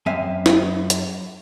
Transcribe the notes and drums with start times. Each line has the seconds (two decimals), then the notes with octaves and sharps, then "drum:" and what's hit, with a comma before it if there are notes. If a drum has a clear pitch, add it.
0.06 F#2 C4 E5 F5 G#5
0.46 drum: snare
0.90 drum: hi-hat